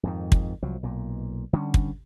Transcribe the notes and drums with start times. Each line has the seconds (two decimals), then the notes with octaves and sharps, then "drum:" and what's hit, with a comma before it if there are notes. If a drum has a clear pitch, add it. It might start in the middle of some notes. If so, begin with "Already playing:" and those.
0.03 F2 G#2 D#3
0.32 drum: kick
0.63 C2 F3 F#3
0.83 B1 A#2
1.53 D3 G3 B3 C#4
1.74 drum: kick